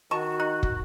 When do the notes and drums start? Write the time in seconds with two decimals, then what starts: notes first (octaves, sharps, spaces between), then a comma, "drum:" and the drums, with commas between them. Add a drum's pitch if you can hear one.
0.11 D#3 F#4 D#5 A5 C#6
0.40 D#4 F#6
0.63 drum: kick